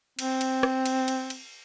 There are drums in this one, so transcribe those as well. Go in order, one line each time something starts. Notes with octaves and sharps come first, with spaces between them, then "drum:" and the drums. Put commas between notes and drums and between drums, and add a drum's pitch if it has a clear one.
C4, drum: cymbal
drum: cymbal
drum: rim click
drum: cymbal
drum: cymbal
drum: cymbal